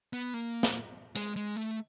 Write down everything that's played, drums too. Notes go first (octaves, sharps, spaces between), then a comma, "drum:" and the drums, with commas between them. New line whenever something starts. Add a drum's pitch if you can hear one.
B3
A#3
drum: snare
G#3, drum: hi-hat
G#3
A3